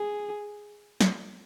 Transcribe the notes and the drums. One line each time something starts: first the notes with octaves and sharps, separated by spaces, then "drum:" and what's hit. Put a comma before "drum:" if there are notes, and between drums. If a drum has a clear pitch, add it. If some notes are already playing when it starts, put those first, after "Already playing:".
Already playing: G#4
drum: snare